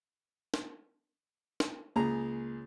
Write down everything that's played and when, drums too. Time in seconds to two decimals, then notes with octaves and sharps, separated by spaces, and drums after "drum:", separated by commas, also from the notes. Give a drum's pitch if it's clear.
0.54 drum: snare
1.60 drum: snare
1.96 C#2 A#3 G#4 A#5